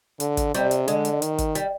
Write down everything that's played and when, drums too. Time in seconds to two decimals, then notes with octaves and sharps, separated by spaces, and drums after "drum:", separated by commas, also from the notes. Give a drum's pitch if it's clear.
0.20 D3, drum: hi-hat
0.37 drum: kick, hi-hat
0.54 C3 G3, drum: hi-hat
0.71 drum: hi-hat
0.88 D3 G#3, drum: hi-hat
1.05 drum: hi-hat
1.22 D#3, drum: hi-hat
1.38 drum: kick, hi-hat
1.55 G3, drum: hi-hat